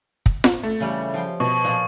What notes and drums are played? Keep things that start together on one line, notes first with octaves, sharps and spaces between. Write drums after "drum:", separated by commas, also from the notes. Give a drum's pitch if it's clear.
drum: kick
drum: snare F4
A3
C#3 E3 G3
F3 G5 C6
B2 C#6
A#2 F3